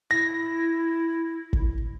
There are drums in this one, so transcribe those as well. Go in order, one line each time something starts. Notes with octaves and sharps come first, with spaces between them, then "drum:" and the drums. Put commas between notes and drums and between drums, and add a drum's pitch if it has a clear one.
E4 A#6
drum: kick